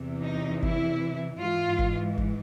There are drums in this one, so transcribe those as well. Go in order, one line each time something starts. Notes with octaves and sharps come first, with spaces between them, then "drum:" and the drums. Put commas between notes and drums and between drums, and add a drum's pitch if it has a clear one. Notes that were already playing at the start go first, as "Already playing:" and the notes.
Already playing: E2 C3 E3
D#4
E4, drum: kick
G#2 E3 F4
drum: kick
drum: kick